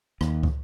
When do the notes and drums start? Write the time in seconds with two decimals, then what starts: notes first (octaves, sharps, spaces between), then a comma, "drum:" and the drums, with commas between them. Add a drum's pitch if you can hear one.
0.21 D#2, drum: rim click
0.43 drum: kick